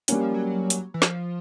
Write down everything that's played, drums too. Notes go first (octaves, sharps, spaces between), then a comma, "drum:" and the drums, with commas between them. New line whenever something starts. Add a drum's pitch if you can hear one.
F#3 G3 A#3 C#4, drum: hi-hat
F3
F#3
drum: hi-hat
E3
F3, drum: snare